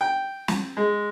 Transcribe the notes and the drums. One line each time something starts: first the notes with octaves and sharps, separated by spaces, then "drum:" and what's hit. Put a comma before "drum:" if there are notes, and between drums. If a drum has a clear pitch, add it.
G5
drum: snare
G#3